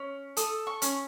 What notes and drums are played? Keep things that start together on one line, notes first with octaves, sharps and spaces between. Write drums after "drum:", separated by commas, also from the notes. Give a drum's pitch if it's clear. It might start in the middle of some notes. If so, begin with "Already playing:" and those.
Already playing: C#4
A4 D#6, drum: hi-hat
C#6
C#4, drum: hi-hat